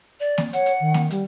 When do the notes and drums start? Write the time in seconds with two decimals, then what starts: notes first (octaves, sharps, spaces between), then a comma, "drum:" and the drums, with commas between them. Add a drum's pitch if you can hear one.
0.20 D5
0.38 drum: snare A#3
0.53 C#5 F#5, drum: hi-hat
0.66 drum: hi-hat
0.80 D#3
0.94 drum: snare A#3
1.11 G3, drum: hi-hat